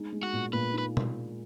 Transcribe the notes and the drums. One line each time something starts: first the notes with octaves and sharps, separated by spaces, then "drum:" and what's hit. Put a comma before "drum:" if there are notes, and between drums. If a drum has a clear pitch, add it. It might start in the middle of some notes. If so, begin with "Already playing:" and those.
Already playing: G#3 D#4
G#3
F#4
A#2
A#2 B4
D#4 B4
drum: tom